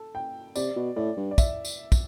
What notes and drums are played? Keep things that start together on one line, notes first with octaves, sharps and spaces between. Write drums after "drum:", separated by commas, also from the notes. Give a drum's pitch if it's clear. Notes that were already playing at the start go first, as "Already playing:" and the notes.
Already playing: A4
G5
C3 D5, drum: tambourine
B2
A2 D5
G2
D5
E5, drum: kick, tambourine
drum: tambourine
drum: kick, tambourine